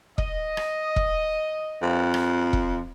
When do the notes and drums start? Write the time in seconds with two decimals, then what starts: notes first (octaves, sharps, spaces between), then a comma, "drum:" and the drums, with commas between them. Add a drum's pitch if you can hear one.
0.18 D#5, drum: kick E1
0.57 drum: rim click
0.96 drum: kick E1
1.82 F2
2.14 drum: rim click
2.53 drum: kick E1